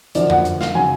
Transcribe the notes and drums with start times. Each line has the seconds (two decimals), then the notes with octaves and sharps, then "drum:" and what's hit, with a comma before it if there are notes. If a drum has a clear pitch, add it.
0.15 F#2 D3 F3 D5, drum: hi-hat
0.30 F#5, drum: tom F2
0.45 drum: hi-hat
0.61 F5, drum: snare
0.75 C#3 F#3 G#5